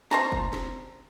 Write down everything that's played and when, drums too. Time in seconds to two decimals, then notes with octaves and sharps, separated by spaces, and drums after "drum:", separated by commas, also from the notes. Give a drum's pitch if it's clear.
0.11 C5 A5 A#5, drum: snare
0.32 drum: kick
0.53 drum: snare